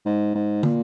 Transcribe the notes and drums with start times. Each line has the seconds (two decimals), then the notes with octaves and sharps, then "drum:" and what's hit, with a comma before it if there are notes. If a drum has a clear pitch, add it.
0.05 G#2
0.34 G#2
0.63 A#2, drum: tom